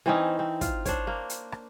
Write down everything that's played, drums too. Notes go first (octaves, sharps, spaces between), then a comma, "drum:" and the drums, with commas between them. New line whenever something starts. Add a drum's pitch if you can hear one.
E3 C4 C#4 D#4
C4
F4, drum: kick, hi-hat
D4 C5 C#5, drum: kick, hi-hat
A#3
drum: hi-hat
drum: rim click